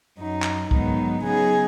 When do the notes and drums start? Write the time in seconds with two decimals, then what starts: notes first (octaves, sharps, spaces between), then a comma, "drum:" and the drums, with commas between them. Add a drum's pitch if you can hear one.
0.18 F#2 F#3 D#4
0.42 drum: clap
0.71 G#2 D#3 F#3 B3 D#4, drum: kick
1.24 C#3 F#3 B3 D#4 G#4